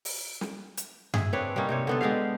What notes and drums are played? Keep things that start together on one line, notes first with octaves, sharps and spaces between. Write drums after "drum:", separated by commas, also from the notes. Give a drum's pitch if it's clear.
drum: open hi-hat
drum: snare
drum: hi-hat
G#4 E5, drum: tom G2
C4 D4 B4 C#5
G3 A#3 C#4 D#4
C3 C4 C#5
D3 B3 A4
G#3 D4 G4 F5